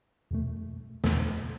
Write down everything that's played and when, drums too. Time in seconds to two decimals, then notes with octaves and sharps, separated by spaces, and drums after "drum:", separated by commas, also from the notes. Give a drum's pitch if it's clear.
0.31 E2 B2 A3
1.04 E2 B2 A3 A4, drum: snare